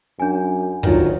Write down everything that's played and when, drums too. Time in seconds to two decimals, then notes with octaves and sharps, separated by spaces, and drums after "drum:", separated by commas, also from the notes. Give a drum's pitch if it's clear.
0.20 F#2 D4 G#5
0.83 D2 D#3 F#3 F4, drum: kick, hi-hat